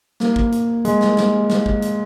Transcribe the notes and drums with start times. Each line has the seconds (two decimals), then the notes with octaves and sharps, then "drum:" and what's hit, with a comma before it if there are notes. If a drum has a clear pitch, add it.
0.20 A#3, drum: snare
0.36 drum: kick
0.52 drum: hi-hat
0.85 G#3, drum: hi-hat
1.01 drum: snare
1.17 drum: snare
1.50 drum: snare
1.66 drum: kick
1.82 drum: hi-hat